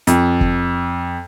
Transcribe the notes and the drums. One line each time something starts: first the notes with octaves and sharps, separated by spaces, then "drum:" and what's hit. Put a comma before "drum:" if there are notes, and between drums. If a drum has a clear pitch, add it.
F2, drum: hi-hat
drum: kick